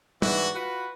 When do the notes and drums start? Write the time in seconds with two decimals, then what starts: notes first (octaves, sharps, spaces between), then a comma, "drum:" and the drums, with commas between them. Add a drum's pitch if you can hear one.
0.22 G#2 E3 D4 F#4, drum: tom
0.54 F4 F#4 B4